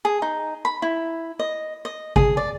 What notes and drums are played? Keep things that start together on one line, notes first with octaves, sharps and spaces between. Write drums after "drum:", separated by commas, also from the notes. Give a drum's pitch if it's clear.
G#4
D#4
B5
E4
D#5
D#5
G#4, drum: kick G#1
D5